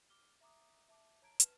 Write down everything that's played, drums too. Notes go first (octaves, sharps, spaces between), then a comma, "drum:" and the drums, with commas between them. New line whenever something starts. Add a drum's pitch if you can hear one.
D6 F6 G7
E5 A#5 D6 D#6
E5 A5 D6
C#5 A5 A#5 G#6 D7
B4 A5 F6 E7, drum: hi-hat